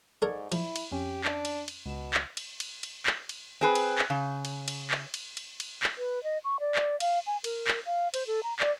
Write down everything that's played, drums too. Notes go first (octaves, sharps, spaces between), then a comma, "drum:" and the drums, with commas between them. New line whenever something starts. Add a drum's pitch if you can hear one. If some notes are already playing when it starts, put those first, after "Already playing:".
G#2 A4 A#4 D5 C#6 G#6
F3 E4, drum: cymbal
drum: cymbal
F2 C#4 G4
D4, drum: clap
drum: cymbal
drum: cymbal
C#2 B2 E7
drum: clap
drum: cymbal
drum: cymbal
drum: cymbal
drum: clap
drum: cymbal
C4 G#4 B4
drum: cymbal
drum: clap
C#3
drum: cymbal
drum: cymbal
drum: clap
drum: cymbal
drum: cymbal
drum: cymbal
drum: clap
B4
D#5
C#6
D5
drum: clap
F5, drum: cymbal
G#5
A#4, drum: cymbal
drum: clap
F5
C5, drum: cymbal
A4
A#5
D5, drum: clap